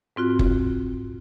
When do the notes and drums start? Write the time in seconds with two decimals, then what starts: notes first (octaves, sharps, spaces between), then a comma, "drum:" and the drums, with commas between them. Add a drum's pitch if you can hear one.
0.16 G#2 C4 F4 F#4
0.39 drum: kick